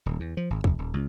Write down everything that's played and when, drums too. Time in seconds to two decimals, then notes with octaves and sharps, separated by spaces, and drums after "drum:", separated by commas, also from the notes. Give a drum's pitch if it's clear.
0.06 D#1
0.20 E2
0.37 F3
0.50 G#1
0.64 F1, drum: kick
0.79 D#1
0.94 C#2